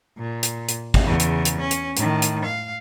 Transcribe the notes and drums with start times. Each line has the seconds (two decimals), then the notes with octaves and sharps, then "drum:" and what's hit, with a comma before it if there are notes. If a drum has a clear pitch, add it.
0.18 A#2
0.43 drum: hi-hat
0.69 drum: hi-hat
0.94 drum: kick
1.03 E2 C#3
1.20 drum: hi-hat
1.45 drum: hi-hat
1.60 C#4
1.71 drum: hi-hat
1.97 A2 D#3, drum: hi-hat
2.22 drum: hi-hat
2.45 F5